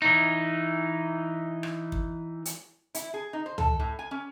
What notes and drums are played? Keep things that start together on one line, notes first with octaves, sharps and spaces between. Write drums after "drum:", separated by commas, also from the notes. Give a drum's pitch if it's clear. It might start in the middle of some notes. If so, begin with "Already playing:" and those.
E3 D#4
drum: rim click
drum: kick
drum: hi-hat
E4, drum: hi-hat
G#4
D#4
C5
A4, drum: tom
A2
G#5
C#4